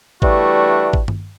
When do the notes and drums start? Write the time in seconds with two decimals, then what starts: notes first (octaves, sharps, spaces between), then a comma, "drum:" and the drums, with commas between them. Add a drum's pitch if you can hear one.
0.22 E3 G3 A3 D4 F#4, drum: kick
0.93 drum: kick
1.08 drum: tom G2